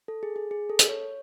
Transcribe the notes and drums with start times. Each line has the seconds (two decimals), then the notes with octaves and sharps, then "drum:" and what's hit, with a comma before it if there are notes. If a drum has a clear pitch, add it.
0.08 A4
0.23 G#4
0.36 G#4
0.51 G#4
0.70 A4
0.79 drum: hi-hat
0.89 C#5